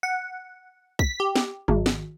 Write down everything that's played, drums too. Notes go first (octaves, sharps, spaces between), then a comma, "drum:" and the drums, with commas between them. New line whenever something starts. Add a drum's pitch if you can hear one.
F#5
B6, drum: kick
G4
drum: snare
G#1, drum: tom
drum: snare